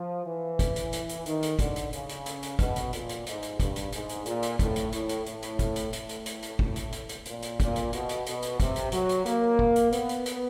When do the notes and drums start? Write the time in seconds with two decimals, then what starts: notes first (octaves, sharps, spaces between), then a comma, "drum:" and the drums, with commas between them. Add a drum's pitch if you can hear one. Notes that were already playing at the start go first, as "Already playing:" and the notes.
Already playing: F3
0.26 E3
0.59 drum: kick, hi-hat
0.76 drum: hi-hat
0.93 drum: hi-hat
1.09 drum: hi-hat
1.26 D#3, drum: hi-hat
1.43 drum: hi-hat
1.59 D3, drum: kick, hi-hat
1.76 drum: hi-hat
1.93 C#3, drum: hi-hat
2.09 drum: hi-hat
2.26 drum: hi-hat
2.43 drum: hi-hat
2.59 B2, drum: kick, hi-hat
2.76 drum: hi-hat
2.93 A#2, drum: hi-hat
3.09 drum: hi-hat
3.26 G#2, drum: hi-hat
3.43 drum: hi-hat
3.60 G2, drum: kick, hi-hat
3.76 drum: hi-hat
3.92 G#2, drum: hi-hat
4.09 drum: hi-hat
4.26 A#2, drum: hi-hat
4.43 drum: hi-hat
4.59 A2, drum: kick, hi-hat
4.76 drum: hi-hat
4.92 A2, drum: hi-hat
5.09 drum: hi-hat
5.26 A2, drum: hi-hat
5.42 drum: hi-hat
5.59 drum: kick, hi-hat
5.76 drum: hi-hat
5.93 A2, drum: hi-hat
6.09 drum: hi-hat
6.26 drum: hi-hat
6.42 drum: hi-hat
6.59 drum: kick
6.76 drum: hi-hat
6.92 drum: hi-hat
7.09 drum: hi-hat
7.25 A#2, drum: hi-hat
7.42 drum: hi-hat
7.60 A#2, drum: kick, hi-hat
7.76 drum: hi-hat
7.93 B2, drum: hi-hat
8.09 drum: hi-hat
8.26 B2, drum: hi-hat
8.42 drum: hi-hat
8.60 C3, drum: kick, hi-hat
8.76 drum: hi-hat
8.92 F#3, drum: hi-hat
9.09 drum: hi-hat
9.26 A#3, drum: hi-hat
9.59 drum: kick
9.76 drum: hi-hat
9.92 B3, drum: hi-hat
10.09 drum: hi-hat
10.26 drum: hi-hat